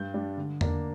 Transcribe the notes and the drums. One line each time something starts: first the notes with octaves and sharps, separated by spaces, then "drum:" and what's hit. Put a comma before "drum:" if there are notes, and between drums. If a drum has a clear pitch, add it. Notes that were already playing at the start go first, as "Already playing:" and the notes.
Already playing: G2 G6
G3 D4
D3
A#3 D4, drum: tom E2